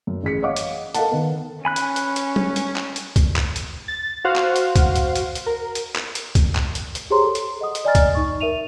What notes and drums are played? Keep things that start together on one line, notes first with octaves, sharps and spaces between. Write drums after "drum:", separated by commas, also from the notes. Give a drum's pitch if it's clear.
F#2
A1 G#4 B6 C#7
C#5 D#5 F5 F#5 D6
drum: hi-hat
A4 A#4 D#5 F5 F#5 A5, drum: hi-hat
D#3 B3
C#4 G#5 B5 F#6
drum: hi-hat
drum: hi-hat
drum: hi-hat
drum: tom
drum: hi-hat
drum: clap
drum: hi-hat
drum: kick C2, hi-hat
drum: clap
drum: hi-hat
A6
F#4 C5 F5 F#5
drum: clap
drum: hi-hat
drum: kick C2, hi-hat
drum: hi-hat
drum: hi-hat
drum: hi-hat
A#4
drum: hi-hat
drum: clap
drum: hi-hat
drum: kick C2, hi-hat
drum: clap
drum: hi-hat
drum: hi-hat
G4 G#4 C5 C#5 A#5 C6
A4
drum: hi-hat
D#5 F#5 D#6
drum: hi-hat
D5 D#5 G#5 A#5 F6 A6
drum: kick C2, hi-hat
D#4 C#6
A#4 E5 D#7 F7